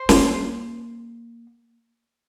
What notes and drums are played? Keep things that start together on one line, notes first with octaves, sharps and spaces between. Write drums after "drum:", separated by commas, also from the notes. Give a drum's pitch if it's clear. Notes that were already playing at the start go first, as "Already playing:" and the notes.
Already playing: C5
A#3, drum: snare